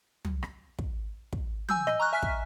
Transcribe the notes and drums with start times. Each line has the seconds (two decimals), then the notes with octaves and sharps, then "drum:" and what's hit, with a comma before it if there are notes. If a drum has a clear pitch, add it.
0.25 drum: tom
0.43 drum: rim click
0.79 drum: kick
1.33 drum: kick
1.69 G#5 E6 G6, drum: tom F3
1.87 D#5, drum: rim click
2.00 A#5 C#6 F6 F#6
2.13 E5 G#5 F6 B6
2.23 drum: kick